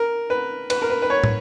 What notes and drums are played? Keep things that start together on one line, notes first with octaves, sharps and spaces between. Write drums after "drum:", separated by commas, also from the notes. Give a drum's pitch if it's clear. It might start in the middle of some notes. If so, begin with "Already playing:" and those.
Already playing: A#4
B4
B4, drum: cymbal
A#4
B4
B4
C#5
drum: tom